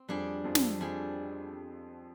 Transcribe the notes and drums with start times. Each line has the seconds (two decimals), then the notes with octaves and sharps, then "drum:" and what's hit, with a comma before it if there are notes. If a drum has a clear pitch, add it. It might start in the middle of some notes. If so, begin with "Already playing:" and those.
Already playing: C4
0.09 F2 F3 G3 D4 G#4
0.44 F2 F3
0.55 drum: snare
0.80 F2 F3 G3 D4 G#4